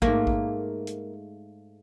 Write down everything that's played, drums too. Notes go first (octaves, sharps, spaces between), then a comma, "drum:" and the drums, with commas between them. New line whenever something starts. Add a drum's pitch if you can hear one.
G#2 A3 A#3, drum: kick A1
drum: kick A1
drum: hi-hat